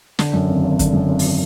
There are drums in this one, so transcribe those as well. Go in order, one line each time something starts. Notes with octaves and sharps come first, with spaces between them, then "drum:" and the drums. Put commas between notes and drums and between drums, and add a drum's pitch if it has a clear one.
D3, drum: snare
F#2
G#1
G#1
D3, drum: kick, hi-hat
F#2
G#1
drum: open hi-hat